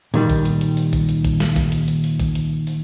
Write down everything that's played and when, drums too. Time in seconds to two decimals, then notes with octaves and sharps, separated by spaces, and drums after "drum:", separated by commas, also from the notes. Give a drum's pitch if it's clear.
0.14 A#2 D#3 G3, drum: open hi-hat
0.30 drum: kick, hi-hat
0.45 drum: hi-hat
0.61 drum: hi-hat
0.77 drum: open hi-hat
0.93 drum: kick, hi-hat
1.09 drum: hi-hat
1.25 drum: kick, hi-hat
1.40 drum: snare
1.56 drum: kick, hi-hat
1.72 drum: hi-hat
1.88 drum: hi-hat
2.04 drum: open hi-hat
2.20 drum: kick, hi-hat
2.35 drum: hi-hat
2.67 drum: open hi-hat